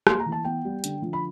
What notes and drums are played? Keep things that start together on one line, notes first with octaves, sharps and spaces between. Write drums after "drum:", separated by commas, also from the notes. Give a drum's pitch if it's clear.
A#3 C6, drum: rim click
A#5
E3
A5
B3 G5
G3
D3, drum: hi-hat
F3
B5